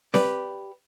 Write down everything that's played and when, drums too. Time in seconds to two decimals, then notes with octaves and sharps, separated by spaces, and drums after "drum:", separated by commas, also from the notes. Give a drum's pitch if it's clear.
0.14 G4 B4 D5, drum: snare C4